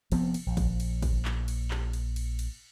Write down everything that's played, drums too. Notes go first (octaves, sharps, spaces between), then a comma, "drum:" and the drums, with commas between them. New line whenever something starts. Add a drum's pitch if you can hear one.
F1 F3 B3 C4, drum: cymbal
drum: cymbal
A#1
drum: kick, cymbal
drum: cymbal
drum: kick, cymbal
drum: clap
drum: cymbal
drum: clap
drum: cymbal
drum: cymbal
drum: cymbal